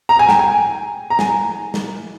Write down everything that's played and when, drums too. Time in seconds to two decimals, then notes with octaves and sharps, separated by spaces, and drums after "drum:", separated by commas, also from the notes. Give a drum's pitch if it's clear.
0.09 A#5
0.19 G#5
0.29 G5, drum: snare
0.39 G#5
1.10 A#5
1.19 G#5, drum: snare
1.74 drum: snare